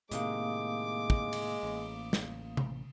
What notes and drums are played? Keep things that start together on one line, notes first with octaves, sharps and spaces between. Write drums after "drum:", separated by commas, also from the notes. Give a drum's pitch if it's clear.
A2 C3 D#3 G#3 A#3 F5 D6 D#6, drum: hi-hat
drum: kick
drum: cymbal
A1
drum: snare
drum: tom C3